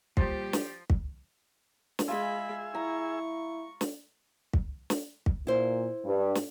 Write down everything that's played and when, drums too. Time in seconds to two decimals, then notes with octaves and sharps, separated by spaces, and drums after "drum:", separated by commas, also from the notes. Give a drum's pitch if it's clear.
0.17 A#2 F3 G3 G4, drum: kick
0.53 drum: snare
0.90 drum: kick
1.99 drum: snare
2.08 G#3 F4 G#4 E5 B5
2.75 E4 A#5 C#6
3.81 drum: snare
4.53 drum: kick
4.90 drum: snare
5.26 drum: kick
5.47 A#2 E4 C5
6.05 G2
6.35 drum: snare